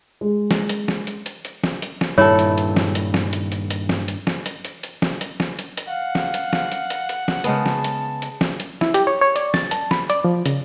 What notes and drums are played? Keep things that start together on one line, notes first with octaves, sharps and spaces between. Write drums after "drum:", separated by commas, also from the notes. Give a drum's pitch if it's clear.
G#3
drum: snare
drum: hi-hat
drum: snare
drum: hi-hat
drum: hi-hat
drum: hi-hat
drum: snare
drum: hi-hat
drum: snare
G2 A#2 D#3 E4 A4 C#5
drum: hi-hat
drum: hi-hat
drum: snare
drum: hi-hat
drum: snare
drum: hi-hat
drum: hi-hat
drum: hi-hat
drum: snare
drum: hi-hat
drum: snare
drum: hi-hat
drum: hi-hat
drum: hi-hat
drum: snare
drum: hi-hat
drum: snare
drum: hi-hat
drum: hi-hat
F5 F#5
drum: snare
drum: hi-hat
drum: snare
drum: hi-hat
drum: hi-hat
drum: hi-hat
drum: snare
C#3 G#3 B3 A5, drum: hi-hat
drum: snare
drum: hi-hat
drum: hi-hat
drum: snare
drum: hi-hat
E4, drum: snare
G4, drum: hi-hat
C#5
C#5
D5, drum: hi-hat
A6, drum: snare
A5, drum: hi-hat
B5, drum: snare
D5, drum: hi-hat
F3
C#3, drum: hi-hat